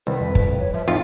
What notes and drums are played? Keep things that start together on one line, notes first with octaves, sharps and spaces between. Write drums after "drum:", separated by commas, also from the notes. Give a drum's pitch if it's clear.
C2 D#3 B4
F2
drum: kick
C#5
F3 E5
F2 A2 D#4 F4